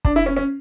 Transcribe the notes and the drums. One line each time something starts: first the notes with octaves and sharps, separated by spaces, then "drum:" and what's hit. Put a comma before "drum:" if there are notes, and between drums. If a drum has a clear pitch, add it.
D4, drum: kick
E4
C#4
C#4